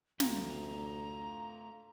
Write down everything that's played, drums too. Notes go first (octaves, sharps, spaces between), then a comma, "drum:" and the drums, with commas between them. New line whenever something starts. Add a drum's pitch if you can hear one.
D2 A3 F4 A#5, drum: snare